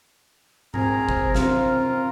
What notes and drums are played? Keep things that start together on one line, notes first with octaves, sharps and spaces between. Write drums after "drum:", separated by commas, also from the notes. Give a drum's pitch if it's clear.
C4 G#4 A#4 A#5, drum: tom G#2
drum: kick G1
C4 F4 A#4, drum: snare